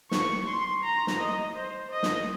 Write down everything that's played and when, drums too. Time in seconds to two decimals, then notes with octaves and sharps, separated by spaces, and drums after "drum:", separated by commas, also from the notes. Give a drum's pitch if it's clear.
0.11 C#6, drum: snare
0.48 C6
0.84 A#5
1.07 drum: snare
1.19 D#5
1.55 C5
1.91 D#5
2.03 drum: snare